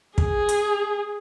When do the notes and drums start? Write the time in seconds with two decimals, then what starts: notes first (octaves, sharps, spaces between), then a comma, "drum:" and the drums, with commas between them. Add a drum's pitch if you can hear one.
0.18 G#4, drum: kick
0.49 drum: hi-hat